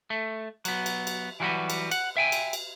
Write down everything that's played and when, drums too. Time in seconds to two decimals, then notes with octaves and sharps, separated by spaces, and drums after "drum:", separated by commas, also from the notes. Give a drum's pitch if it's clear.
0.10 A3
0.65 F#3 B3, drum: cymbal
0.86 drum: cymbal
1.07 drum: cymbal
1.40 E3 F#3 G3 E4 F#4 B4
1.70 drum: cymbal
1.91 F#5, drum: cymbal
2.17 E5 G5 G#5
2.32 drum: cymbal
2.53 drum: cymbal